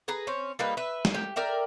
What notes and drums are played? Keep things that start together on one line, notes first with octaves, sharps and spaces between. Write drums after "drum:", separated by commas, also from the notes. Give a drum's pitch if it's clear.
G#4 B4 A#5
C4 C#4
G3 A#3 D#4 B4
B4 E5
drum: snare
G4
A#4 D5 E5 G5